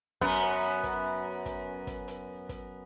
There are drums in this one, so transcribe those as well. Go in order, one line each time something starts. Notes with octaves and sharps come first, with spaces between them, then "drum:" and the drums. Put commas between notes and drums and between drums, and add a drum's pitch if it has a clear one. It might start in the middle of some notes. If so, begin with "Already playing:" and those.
F#2 B3, drum: kick, hi-hat
drum: hi-hat
drum: kick, hi-hat
drum: kick, hi-hat
drum: kick, hi-hat
drum: hi-hat
drum: kick, hi-hat